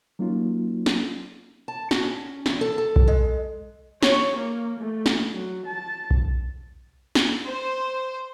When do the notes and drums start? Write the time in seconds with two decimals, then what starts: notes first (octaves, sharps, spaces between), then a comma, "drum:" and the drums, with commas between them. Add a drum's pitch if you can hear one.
0.19 F#3 A#3 C#4 D#4 F4
0.86 drum: snare
1.68 A5
1.91 F#4, drum: snare
2.03 C#4
2.46 E2, drum: snare
2.61 A4
2.78 A4
2.96 drum: kick B1
3.08 G#3
4.03 C#5, drum: snare
4.37 A#3
4.80 A3
5.06 drum: snare
5.34 F#3
5.66 A5
6.11 drum: kick B1
7.15 drum: snare
7.45 C5